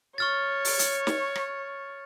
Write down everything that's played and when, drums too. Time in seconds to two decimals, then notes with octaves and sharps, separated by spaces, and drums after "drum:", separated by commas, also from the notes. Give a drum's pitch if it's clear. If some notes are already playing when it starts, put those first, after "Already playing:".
0.18 C#5 C#6 F6 A6
0.65 drum: open hi-hat
0.79 drum: hi-hat
1.07 drum: snare
1.35 drum: rim click